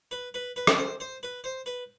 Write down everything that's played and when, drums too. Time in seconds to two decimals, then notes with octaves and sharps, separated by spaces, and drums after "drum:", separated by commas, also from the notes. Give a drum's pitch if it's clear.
0.11 B4
0.34 B4
0.56 B4
0.67 drum: rim click
0.78 C5
1.00 C5
1.23 B4
1.44 C5
1.66 B4